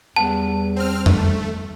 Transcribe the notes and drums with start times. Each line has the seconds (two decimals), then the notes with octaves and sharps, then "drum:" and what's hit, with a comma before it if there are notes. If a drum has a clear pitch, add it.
0.16 E2 G3 B4 F#5 A5
0.76 C4 F6
1.06 A3, drum: tom F2